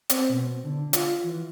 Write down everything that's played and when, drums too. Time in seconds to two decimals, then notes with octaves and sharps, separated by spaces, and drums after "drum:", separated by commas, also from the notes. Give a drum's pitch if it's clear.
0.09 C4, drum: hi-hat
0.30 B2
0.64 D3
0.93 F4, drum: hi-hat
1.24 E3